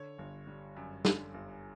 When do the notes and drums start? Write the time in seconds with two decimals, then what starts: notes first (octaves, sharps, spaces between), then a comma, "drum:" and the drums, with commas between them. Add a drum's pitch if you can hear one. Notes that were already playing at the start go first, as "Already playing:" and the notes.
Already playing: D3 C#5
0.18 G1
0.47 G3
0.76 F#2
1.05 D3, drum: snare
1.34 G1